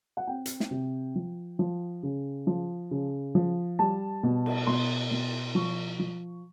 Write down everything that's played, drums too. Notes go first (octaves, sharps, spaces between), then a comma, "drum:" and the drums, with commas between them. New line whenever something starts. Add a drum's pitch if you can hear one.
F#5
C4 G5
drum: hi-hat
drum: snare
C3
F3
F3
C#3
F3
C#3
F3
G3 A5
B2
drum: cymbal
B2 C6
B2
F3 C#6
F3